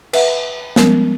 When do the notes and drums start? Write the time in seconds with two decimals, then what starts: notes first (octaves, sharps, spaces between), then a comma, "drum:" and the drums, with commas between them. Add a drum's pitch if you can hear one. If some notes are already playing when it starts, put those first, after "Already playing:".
0.13 B4 E5 F#5, drum: cymbal
0.76 F3 G3 G#3 B3 C#4 A#4, drum: snare